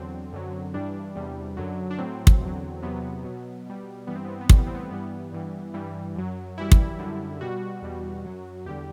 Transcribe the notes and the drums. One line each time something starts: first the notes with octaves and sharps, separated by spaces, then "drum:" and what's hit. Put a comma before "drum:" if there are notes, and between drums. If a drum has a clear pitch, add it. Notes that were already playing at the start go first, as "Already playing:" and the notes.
Already playing: E2 D3 F#3 C4
F#2 D3 F#3
G2 E3 G3 D4
E2 C3 G3
F#2 D3 F#3
D4
A2 F#3 C4
drum: kick
E2 D3 F#3
E2 C3 F#3 B3
B2 F#3
B2 G3
G2 E3 G3 B3
C4
B3
C4
B3
A2 E3 G3 C4, drum: kick
B3
C4
B3
G2 E3 G3 B3
G2 E3 G3
G2 E3 G3
F#2 F#3
F#2 E3 G3 E4
drum: kick
F#2 D3 G3
B2 G3 F#4
E2 B2 G3
F#2 F#3
E2 D3 G3 G4